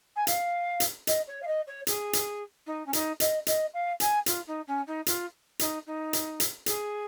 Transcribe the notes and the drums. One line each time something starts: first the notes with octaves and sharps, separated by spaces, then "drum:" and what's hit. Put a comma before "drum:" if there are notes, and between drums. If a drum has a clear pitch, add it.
G#5
F5, drum: hi-hat
drum: hi-hat
D#5, drum: hi-hat
C#5
F5
D#5
C#5
G#4, drum: hi-hat
drum: hi-hat
D#4
C#4
D#4, drum: hi-hat
D#5, drum: hi-hat
D#5, drum: hi-hat
F5
G#5, drum: hi-hat
F4, drum: hi-hat
D#4
C#4
D#4
F4, drum: hi-hat
D#4, drum: hi-hat
D#4
drum: hi-hat
drum: hi-hat
G#4, drum: hi-hat